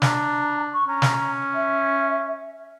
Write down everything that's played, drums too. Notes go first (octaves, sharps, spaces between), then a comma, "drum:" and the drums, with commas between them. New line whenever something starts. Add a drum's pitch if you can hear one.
D4 A#5, drum: snare
C#6
C#4 A#5
drum: snare
E5